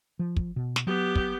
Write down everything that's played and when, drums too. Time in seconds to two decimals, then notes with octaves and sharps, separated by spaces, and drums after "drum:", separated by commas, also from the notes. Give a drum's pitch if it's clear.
0.19 F3
0.37 drum: kick
0.56 B2
0.76 drum: snare
0.87 F#3 B3 G4
1.15 drum: kick